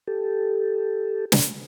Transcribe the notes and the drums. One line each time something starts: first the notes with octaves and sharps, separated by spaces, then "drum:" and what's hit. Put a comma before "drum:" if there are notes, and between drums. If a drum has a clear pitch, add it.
G4 A4
drum: snare